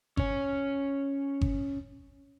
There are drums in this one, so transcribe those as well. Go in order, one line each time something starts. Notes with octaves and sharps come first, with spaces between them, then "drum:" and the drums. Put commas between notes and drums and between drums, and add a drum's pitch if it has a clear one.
C#4 C#5, drum: kick G1
drum: kick G1